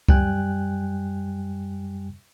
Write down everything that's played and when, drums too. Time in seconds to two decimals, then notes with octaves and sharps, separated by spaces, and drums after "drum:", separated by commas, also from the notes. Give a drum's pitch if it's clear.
0.09 F#2 G3 G5 G#5 F#6, drum: kick C#2